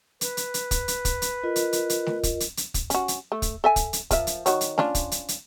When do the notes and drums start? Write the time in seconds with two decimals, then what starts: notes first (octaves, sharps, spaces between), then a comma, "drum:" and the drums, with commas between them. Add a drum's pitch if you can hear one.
0.21 B4, drum: hi-hat
0.37 drum: hi-hat
0.54 drum: hi-hat
0.71 drum: kick, hi-hat
0.88 drum: hi-hat
1.05 drum: kick, hi-hat
1.22 drum: hi-hat
1.44 F4 A#4 D#5
1.56 drum: hi-hat
1.73 drum: hi-hat
1.90 drum: hi-hat
2.06 drum: snare A3
2.23 drum: kick, hi-hat
2.40 drum: hi-hat
2.57 drum: hi-hat
2.74 drum: kick, hi-hat
2.90 C#4 F#4, drum: hi-hat
3.08 drum: hi-hat
3.32 A3
3.42 drum: kick, hi-hat
3.64 A4 E5 G#5
3.76 drum: kick, hi-hat
3.93 drum: hi-hat
4.11 F3 A#4 E5, drum: kick, hi-hat
4.27 drum: hi-hat
4.46 D#3 F#4 C#5, drum: hi-hat
4.61 drum: hi-hat
4.78 C#4 D4 F4, drum: snare A3
4.95 drum: kick, hi-hat
5.12 drum: hi-hat
5.28 drum: hi-hat